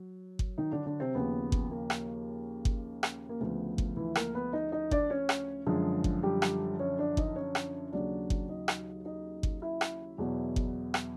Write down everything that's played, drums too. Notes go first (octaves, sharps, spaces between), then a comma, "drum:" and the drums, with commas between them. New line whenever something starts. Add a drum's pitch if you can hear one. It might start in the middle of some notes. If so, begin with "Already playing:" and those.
Already playing: F#3
drum: kick G1
D#3 D#4
D3 D4
D3 D4
C3 C4
D#2 C#3 F3 B3
drum: kick G1
A#3
drum: rim click
drum: kick G1
drum: rim click
A#3
D2 C#3 F3 B3
drum: kick G1
E3 E4
A#3 A#4, drum: rim click
B3 B4
D#4 D#5
D#4 D#5
D4 D5, drum: kick G1
C#4 C#5
drum: rim click
F#2 D3 F3 G#3 G#4
drum: kick G1
G3 G4
drum: rim click
C#4 C#5
D4 D5
D#4 D#5, drum: kick G1
C#4 C#5
drum: rim click
D#2 C#3 F#3 D4 D5
drum: kick G1
D#4 D#5
drum: rim click
D#4 D#5
drum: kick G1
E4 E5
drum: rim click
E2 B2 F#3
drum: kick G1
drum: rim click